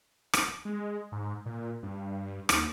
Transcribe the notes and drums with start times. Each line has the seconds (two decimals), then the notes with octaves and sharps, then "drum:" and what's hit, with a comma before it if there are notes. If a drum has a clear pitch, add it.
0.33 drum: rim click
0.65 G#3
1.12 G#2
1.46 A#2
1.83 G2
2.49 D#2, drum: rim click